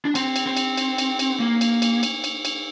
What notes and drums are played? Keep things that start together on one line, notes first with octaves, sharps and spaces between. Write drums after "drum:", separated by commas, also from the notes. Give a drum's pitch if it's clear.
D4
C4, drum: cymbal
drum: cymbal
C4
drum: cymbal
drum: cymbal
drum: cymbal
drum: cymbal
A#3
drum: cymbal
drum: cymbal
drum: cymbal
drum: cymbal
drum: cymbal